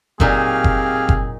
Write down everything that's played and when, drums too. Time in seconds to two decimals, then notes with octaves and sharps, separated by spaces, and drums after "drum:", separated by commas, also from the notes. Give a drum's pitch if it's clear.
0.20 A#2 F#3 C4 D#4 G4 G#4 F5 F6, drum: kick F#1
0.64 drum: kick F#1
1.09 drum: kick F#1